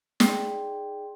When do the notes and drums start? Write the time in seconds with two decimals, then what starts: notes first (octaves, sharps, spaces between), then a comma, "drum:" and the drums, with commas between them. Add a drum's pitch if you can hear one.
0.20 D#4 G#4 D5 G5 C6, drum: snare